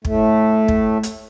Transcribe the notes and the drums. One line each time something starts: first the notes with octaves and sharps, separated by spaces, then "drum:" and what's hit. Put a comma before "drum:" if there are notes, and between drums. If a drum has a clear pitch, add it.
A2 A3, drum: kick
drum: kick
drum: hi-hat